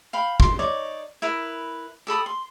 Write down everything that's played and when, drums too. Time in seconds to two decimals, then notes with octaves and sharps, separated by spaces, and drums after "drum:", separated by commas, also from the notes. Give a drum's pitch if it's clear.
0.13 F5 G5 B5
0.40 C6, drum: kick
0.59 D#4 C#5 D5
1.22 E4 A#4 B4
2.07 G4 A4 B5 D#6
2.26 C6